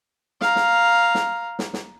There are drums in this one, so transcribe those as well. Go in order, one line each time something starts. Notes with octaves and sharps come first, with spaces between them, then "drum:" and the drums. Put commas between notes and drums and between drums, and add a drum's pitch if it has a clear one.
F5 A#5, drum: snare
drum: snare
drum: snare
drum: snare
drum: snare